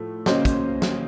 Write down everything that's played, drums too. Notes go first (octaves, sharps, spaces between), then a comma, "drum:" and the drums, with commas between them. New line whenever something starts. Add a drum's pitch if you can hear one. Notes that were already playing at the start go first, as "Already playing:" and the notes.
Already playing: A2 F3 A3
C#3 F#3 A#3 C#4 C5 D#5, drum: snare
drum: kick, hi-hat
drum: snare